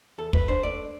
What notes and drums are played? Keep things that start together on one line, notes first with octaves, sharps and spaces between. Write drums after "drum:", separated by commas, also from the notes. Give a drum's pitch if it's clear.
E2 A4
E2 B4, drum: kick
D4 C5
A3 D5